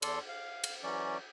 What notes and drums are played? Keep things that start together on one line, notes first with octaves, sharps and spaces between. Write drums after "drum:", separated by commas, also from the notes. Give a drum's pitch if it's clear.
E2 A4 D5 C6, drum: cymbal
F5
drum: cymbal
E3 F#3 C#4 D5